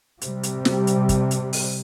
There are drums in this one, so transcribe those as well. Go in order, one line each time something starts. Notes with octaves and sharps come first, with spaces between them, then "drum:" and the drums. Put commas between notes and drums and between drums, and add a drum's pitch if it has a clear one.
C3 G3, drum: hi-hat
drum: hi-hat
drum: snare
drum: hi-hat
drum: kick, hi-hat
drum: hi-hat
drum: open hi-hat